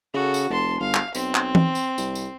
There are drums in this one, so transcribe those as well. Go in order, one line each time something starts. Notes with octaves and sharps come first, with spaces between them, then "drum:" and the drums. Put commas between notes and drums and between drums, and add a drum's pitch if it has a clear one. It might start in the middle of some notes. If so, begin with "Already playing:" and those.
C#3 F#4 A4
drum: tambourine
F1 A5 C6
G1 F5
drum: clap
B1 C4, drum: tambourine
drum: clap
drum: tom E3
drum: tambourine
C2, drum: tambourine
drum: tambourine